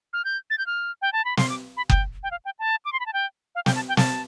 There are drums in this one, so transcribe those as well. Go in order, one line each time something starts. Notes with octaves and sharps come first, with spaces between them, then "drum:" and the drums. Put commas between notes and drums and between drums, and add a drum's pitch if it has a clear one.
F6
G6
A6
G6
F6
G5
A5
B5
C6, drum: snare
D6
B5
G5, drum: kick F#1
G5
F5
G5
A5
D6
C6
B5
A5
G5
F5
G5, drum: snare
A5
G5
A5, drum: snare